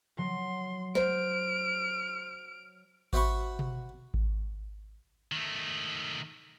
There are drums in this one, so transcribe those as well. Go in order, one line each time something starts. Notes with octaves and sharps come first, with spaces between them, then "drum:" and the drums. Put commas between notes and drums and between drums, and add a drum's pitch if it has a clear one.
F#3 C6
C5 F6 D7, drum: snare
F#4 C5 E5 F#5 B5 C#6, drum: kick G#1
drum: tom B2
drum: kick G#1
D#3 A3